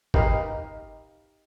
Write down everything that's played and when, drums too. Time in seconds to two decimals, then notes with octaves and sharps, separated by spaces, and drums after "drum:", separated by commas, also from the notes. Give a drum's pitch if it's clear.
0.14 D#4 G4 A#4 B4 D#5 F5, drum: kick G#1